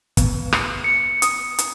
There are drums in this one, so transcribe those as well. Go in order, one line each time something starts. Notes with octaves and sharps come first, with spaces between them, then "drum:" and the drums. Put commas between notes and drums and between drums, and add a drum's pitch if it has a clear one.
B3, drum: kick, hi-hat
drum: rim click
C#7
D#6, drum: hi-hat
drum: hi-hat